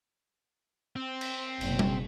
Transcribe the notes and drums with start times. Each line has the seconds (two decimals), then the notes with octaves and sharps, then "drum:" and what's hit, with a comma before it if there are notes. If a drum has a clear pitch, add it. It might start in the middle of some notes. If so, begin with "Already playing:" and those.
0.96 C4
1.21 drum: cymbal
1.61 F#1 B2, drum: cymbal
1.79 drum: tom G3